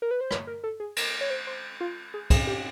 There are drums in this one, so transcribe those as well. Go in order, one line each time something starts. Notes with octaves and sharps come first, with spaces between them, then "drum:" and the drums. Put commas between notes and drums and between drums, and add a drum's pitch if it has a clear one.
A#4
B4
C5
C#5, drum: rim click
A#4
A4
G#4
A#4, drum: cymbal
C#5
C5
C5
F4
G#4
G#4, drum: kick, cymbal
G4